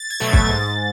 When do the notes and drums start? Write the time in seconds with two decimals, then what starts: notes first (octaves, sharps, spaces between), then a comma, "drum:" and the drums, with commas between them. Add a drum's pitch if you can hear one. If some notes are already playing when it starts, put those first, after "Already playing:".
Already playing: A6
0.10 G#6
0.20 B2 F#3 A3 A6
0.33 drum: kick
0.49 G#2